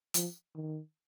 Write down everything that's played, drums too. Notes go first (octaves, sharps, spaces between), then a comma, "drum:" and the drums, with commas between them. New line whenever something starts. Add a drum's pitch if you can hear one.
F3, drum: hi-hat
D#3